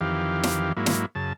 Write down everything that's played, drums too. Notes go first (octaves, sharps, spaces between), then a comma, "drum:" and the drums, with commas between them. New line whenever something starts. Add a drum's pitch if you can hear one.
F2 D#3 E3 G4 F5
drum: snare
G#2 F#3 A#3 E4
drum: snare
F#2 C#3 A5